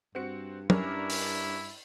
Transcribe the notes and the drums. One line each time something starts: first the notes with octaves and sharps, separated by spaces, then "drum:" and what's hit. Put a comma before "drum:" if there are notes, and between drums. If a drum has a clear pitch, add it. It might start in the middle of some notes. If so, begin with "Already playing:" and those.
G2 C4 F#4 C#7
G2 C#4 D4 E4 A#4, drum: tom
drum: open hi-hat